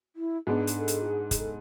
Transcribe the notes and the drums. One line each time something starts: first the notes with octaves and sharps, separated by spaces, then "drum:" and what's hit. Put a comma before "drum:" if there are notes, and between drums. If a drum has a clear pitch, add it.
E4
G#2 G#3 B3 D4 G#4
drum: hi-hat
A4
drum: hi-hat
F4
G#4
G#4, drum: kick, hi-hat
A4